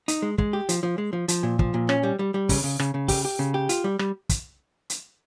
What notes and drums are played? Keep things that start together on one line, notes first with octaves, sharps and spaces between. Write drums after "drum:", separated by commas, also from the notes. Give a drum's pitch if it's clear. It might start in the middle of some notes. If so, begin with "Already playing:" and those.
D#4, drum: hi-hat
G#3
G#3, drum: kick
G4
F3, drum: hi-hat
F3
G#3
F3
F3, drum: hi-hat
A#2
F3, drum: kick
A#2
C#4, drum: rim click
G3
G3
G3
C#3, drum: kick, open hi-hat
C#3
C#3, drum: rim click
C#3
G4, drum: kick, open hi-hat
G4
C#3
G4
F4, drum: hi-hat
G3
G3, drum: rim click
drum: kick, hi-hat
drum: hi-hat